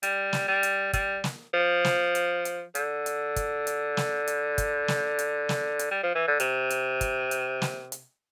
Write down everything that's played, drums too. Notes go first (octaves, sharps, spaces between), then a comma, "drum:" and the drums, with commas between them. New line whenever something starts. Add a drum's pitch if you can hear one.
G3, drum: hi-hat
drum: snare
G3
drum: hi-hat
G3, drum: kick, hi-hat
drum: snare
F3
drum: snare
drum: hi-hat
drum: hi-hat
D3, drum: hi-hat
drum: hi-hat
drum: kick, hi-hat
drum: hi-hat
drum: snare
drum: hi-hat
drum: kick, hi-hat
drum: snare
drum: hi-hat
drum: snare
drum: hi-hat
G3
F3
E3
D3
C3, drum: hi-hat
drum: hi-hat
drum: kick, hi-hat
drum: hi-hat
drum: snare
drum: hi-hat